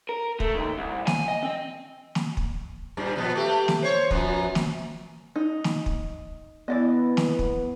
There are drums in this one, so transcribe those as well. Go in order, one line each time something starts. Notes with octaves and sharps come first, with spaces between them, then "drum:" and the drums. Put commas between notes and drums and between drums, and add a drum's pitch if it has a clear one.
A#4
A3, drum: kick
D#2
C2
G#5, drum: snare
D#5
C4
drum: snare
drum: kick
G2 A#2 G3
A#2 F3 B3
A3 G4
drum: snare
C5 C#5
F#2 F3 B3, drum: kick
drum: snare
D#4
drum: snare
drum: kick
E3 B3 D5 D#5
drum: snare
drum: kick